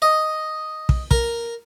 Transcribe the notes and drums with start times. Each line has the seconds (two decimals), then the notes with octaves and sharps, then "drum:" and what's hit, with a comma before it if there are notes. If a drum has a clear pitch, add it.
0.02 D#5
0.89 drum: kick
1.11 A#4, drum: kick